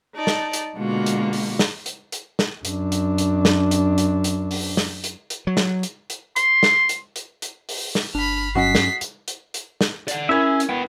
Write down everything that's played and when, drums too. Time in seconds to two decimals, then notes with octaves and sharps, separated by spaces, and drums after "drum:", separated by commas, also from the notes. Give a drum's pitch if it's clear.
0.14 D#4 D5 A5
0.27 drum: snare
0.53 drum: hi-hat
0.77 B2 D3 G#3 A#3 F4 F#4
1.06 drum: hi-hat
1.33 drum: open hi-hat
1.59 drum: snare
1.86 drum: hi-hat
2.12 drum: hi-hat
2.39 drum: snare
2.65 F#2 D4, drum: hi-hat
2.92 drum: hi-hat
3.18 drum: hi-hat
3.45 drum: snare
3.71 drum: hi-hat
3.98 drum: hi-hat
4.24 drum: hi-hat
4.51 drum: open hi-hat
4.77 drum: snare
5.04 drum: hi-hat
5.30 drum: hi-hat
5.47 F#3
5.57 drum: snare
5.83 drum: hi-hat
6.10 drum: hi-hat
6.36 C6, drum: hi-hat
6.63 drum: snare
6.89 drum: hi-hat
7.16 drum: hi-hat
7.42 drum: hi-hat
7.69 drum: open hi-hat
7.95 drum: snare
8.15 G1 D4 B5 F6
8.55 G2 F#3 C#4 F#4 D#5 F#5 B6 C7
8.75 drum: snare
9.01 drum: hi-hat
9.28 drum: hi-hat
9.54 drum: hi-hat
9.81 drum: snare
10.08 D5 F#5, drum: hi-hat
10.29 C#4 E4 G#4 A#4 E5 G#6
10.60 drum: hi-hat
10.69 B3 B4 G5